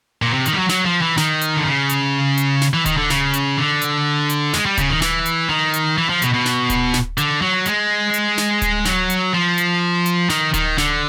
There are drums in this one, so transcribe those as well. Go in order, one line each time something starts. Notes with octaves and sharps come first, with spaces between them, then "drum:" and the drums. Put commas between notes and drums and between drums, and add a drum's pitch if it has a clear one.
A#2
C3
D#3, drum: hi-hat
G3
F#3
F#3, drum: snare
F3
E3
D#3, drum: snare
drum: hi-hat
D3
C#3
drum: hi-hat
drum: hi-hat
drum: snare
E3
D#3, drum: kick D1, hi-hat
D3
C#3, drum: snare
drum: hi-hat
D3
drum: hi-hat
drum: hi-hat
G#3, drum: snare
G3
C#3, drum: kick D1, hi-hat
D#3
E3, drum: snare
drum: hi-hat
D#3
drum: hi-hat
E3
F3
B2, drum: hi-hat
B2
drum: snare
drum: kick D1, hi-hat
drum: snare
D3, drum: hi-hat
F#3
G#3, drum: hi-hat
drum: hi-hat
drum: snare
drum: kick D1, hi-hat
F#3, drum: snare
drum: hi-hat
F3
drum: hi-hat
drum: hi-hat
D#3, drum: snare
D#3, drum: kick D1, hi-hat
D3, drum: snare